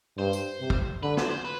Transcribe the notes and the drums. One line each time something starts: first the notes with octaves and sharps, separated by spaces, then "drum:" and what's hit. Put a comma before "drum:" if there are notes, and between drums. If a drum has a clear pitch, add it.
G2 C5
drum: tambourine
C3
drum: kick
D3 B4
C5, drum: snare
C5
B4